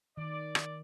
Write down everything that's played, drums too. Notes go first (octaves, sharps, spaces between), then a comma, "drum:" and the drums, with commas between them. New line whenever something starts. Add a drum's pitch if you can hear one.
D#3 D5
drum: rim click